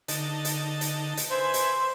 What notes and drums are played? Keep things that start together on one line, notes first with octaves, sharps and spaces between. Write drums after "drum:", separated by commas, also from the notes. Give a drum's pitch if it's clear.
D3 D#4 A5, drum: hi-hat
drum: hi-hat
drum: hi-hat
drum: hi-hat
B4 C5 E5 G#5
drum: hi-hat